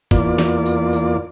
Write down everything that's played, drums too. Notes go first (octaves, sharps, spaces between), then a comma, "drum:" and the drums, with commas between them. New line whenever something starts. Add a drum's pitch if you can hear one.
E2 A#3 F4 D5, drum: kick, tambourine
drum: snare
drum: tambourine
drum: tambourine